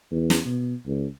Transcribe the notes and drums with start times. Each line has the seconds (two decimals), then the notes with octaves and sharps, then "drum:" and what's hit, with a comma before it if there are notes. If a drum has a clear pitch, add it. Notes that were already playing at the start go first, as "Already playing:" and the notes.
0.11 E2
0.30 drum: snare
0.46 B2
0.87 C#2